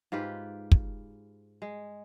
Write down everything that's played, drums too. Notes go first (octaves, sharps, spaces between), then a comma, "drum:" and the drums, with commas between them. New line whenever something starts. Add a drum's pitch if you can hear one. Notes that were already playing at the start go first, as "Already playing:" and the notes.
G#2 F4 G4 B4
drum: kick
G#3